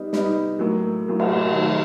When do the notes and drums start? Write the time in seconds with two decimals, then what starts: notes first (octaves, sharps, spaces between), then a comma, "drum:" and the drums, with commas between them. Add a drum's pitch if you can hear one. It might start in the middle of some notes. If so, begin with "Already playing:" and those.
Already playing: G3 B3 D#4
0.13 G3 B3 D#4, drum: snare
0.59 A2 F#3 A#3
1.06 A2 F#3 A#3
1.20 drum: cymbal
1.52 D#3 F#3 A3